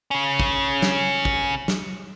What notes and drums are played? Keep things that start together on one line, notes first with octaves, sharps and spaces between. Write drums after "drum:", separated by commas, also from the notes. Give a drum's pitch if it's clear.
C#3 C#4
drum: kick
drum: snare
drum: kick
drum: snare